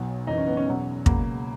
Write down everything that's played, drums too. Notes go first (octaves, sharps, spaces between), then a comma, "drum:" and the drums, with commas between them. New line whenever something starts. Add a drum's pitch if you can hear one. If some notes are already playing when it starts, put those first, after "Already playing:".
Already playing: B1 B2 F#3
F#1 F#2 E3 D#4
C#4
B3
C#4
E2 B2 F#3
C#2 B2 F#3 A#3, drum: kick